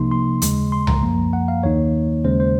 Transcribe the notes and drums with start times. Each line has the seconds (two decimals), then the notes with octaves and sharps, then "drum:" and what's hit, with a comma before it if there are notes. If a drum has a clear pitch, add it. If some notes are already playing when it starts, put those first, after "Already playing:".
Already playing: C2 C3 F3 A#3 D#4 C6
0.11 C6
0.42 D#2 C#3 G#3, drum: hi-hat
0.72 C6
0.87 A#5, drum: tom C2
1.03 F#2 F3 A#3
1.33 F#5
1.48 F5
1.63 D#2 D#3 A#3 D#4 C#5
2.25 D#2 C#3 G#3 C#4 C5
2.40 C5